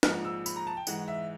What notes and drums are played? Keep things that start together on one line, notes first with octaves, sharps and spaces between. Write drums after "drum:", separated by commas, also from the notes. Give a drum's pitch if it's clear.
A#1 G#2 F3 G#3 F6, drum: snare
E6
B5, drum: tambourine
A#5
A5
G5
G#2 E3 G#3 F#5, drum: tambourine
E5